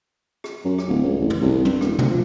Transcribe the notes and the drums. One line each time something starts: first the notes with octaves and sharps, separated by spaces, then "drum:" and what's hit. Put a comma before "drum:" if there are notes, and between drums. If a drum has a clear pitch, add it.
drum: rim click
F#2
drum: rim click
D1
C#2
A1
drum: tom
C2
G2, drum: tom
E1, drum: rim click
D2, drum: tom
F3